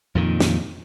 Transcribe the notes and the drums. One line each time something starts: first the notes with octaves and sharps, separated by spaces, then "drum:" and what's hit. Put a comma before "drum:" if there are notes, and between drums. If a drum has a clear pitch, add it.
F2 A#2 D#3
drum: snare